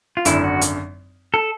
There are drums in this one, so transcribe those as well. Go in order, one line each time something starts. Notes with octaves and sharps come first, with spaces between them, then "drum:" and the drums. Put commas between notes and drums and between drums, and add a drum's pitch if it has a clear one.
F4
G#1 F#2 D3 E4, drum: hi-hat
F#4
drum: hi-hat
A4